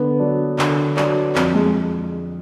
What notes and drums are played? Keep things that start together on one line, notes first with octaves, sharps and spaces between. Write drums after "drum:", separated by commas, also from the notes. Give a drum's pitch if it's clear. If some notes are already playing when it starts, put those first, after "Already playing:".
Already playing: D3 B3
F#3 D4
D3, drum: clap
F#3 D4, drum: clap
F2, drum: clap
G#3